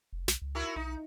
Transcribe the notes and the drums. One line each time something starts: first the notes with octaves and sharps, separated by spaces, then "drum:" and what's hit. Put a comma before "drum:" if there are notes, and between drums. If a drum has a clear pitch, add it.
F1
B1, drum: snare
C#2
E4 F#4 A#4
B1 D#4